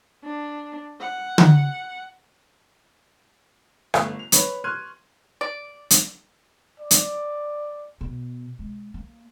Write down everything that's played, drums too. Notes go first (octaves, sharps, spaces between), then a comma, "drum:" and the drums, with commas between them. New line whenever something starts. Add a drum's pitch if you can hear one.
D4
F#5
drum: tom D3
G1 A3, drum: rim click
F7
B4 C#5, drum: hi-hat
C6 C#6 F6 F#6 G#6 D#7
D5
drum: hi-hat
D5
drum: hi-hat
B2
G#3
A#3